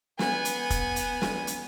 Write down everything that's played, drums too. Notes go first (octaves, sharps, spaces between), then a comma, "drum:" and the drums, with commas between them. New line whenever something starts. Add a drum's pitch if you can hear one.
B3 G#5, drum: snare
drum: hi-hat
drum: kick, hi-hat
drum: hi-hat
drum: snare
drum: hi-hat